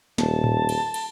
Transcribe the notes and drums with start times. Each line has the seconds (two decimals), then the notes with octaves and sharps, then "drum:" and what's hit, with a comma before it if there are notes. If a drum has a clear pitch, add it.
0.18 D#1 A5, drum: snare
0.44 drum: tom A2
0.69 drum: cymbal
0.94 drum: cymbal